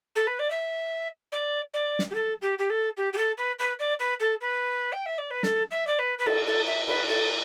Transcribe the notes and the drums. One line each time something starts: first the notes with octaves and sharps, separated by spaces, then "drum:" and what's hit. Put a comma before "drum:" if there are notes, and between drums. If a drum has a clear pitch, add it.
A4
B4
D5
E5
D5
D5
drum: snare
G4
A4
G4
G4
A4
G4
G4
A4
B4
B4
D5
B4
A4
B4
G5
E5
D5
B4
A4, drum: snare
E5
D5
B4
B4
A4, drum: cymbal
A4
E5
B4, drum: cymbal
A4